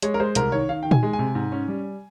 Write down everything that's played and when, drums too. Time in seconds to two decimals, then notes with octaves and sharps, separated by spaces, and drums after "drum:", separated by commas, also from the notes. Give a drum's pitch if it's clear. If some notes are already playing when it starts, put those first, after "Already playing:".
0.02 G#3 C#5, drum: hi-hat
0.14 A#4
0.20 G#3 C5
0.35 C2 A#4, drum: hi-hat
0.52 D#3 C#5
0.69 D#3 F5
0.83 D#3 G5
0.91 G#5, drum: tom A#2
1.03 G#3
1.13 G#5
1.19 C3
1.35 G#2
1.52 C#4
1.68 G3